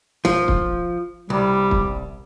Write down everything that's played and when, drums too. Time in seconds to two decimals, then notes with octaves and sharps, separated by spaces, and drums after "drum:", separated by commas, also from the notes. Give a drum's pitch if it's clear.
0.25 F3, drum: snare
0.48 drum: kick
1.30 C2 G3
1.71 drum: kick